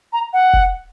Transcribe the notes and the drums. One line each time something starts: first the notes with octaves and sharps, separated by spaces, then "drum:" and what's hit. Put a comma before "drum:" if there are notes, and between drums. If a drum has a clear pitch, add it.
A#5
F#5
drum: kick